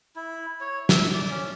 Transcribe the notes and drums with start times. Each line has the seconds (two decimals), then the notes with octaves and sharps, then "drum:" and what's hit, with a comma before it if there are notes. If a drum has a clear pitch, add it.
0.16 E4
0.61 C#5
0.89 E5, drum: snare
1.14 D5
1.31 C#4